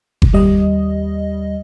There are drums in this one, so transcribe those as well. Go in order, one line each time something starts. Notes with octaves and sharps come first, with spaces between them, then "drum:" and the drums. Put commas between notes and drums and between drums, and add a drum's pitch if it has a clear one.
drum: kick F#1
D#2 G3 D#5